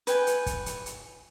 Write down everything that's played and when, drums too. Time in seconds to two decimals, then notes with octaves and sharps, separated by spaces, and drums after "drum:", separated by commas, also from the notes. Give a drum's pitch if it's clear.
0.07 B4 G5 G#5, drum: hi-hat
0.27 drum: hi-hat
0.46 drum: kick, hi-hat
0.66 drum: hi-hat
0.86 drum: hi-hat